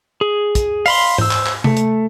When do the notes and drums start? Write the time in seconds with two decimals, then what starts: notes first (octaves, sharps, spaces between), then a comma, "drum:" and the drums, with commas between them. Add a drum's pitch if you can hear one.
0.21 G#4
0.55 drum: kick, hi-hat
0.86 F5 B5 C6, drum: open hi-hat
1.18 C5 E6, drum: tom G#2
1.31 drum: clap
1.46 drum: clap
1.64 A3, drum: tom C3
1.77 drum: hi-hat